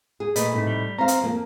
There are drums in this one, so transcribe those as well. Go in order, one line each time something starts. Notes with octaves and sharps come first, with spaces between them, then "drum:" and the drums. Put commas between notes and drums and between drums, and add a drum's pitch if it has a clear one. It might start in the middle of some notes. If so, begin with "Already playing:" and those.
G#4
A#2 A3 B4 D#5, drum: hi-hat
A2 C3 D#4
G3
C4 F5 A#5
drum: hi-hat
F2 A#3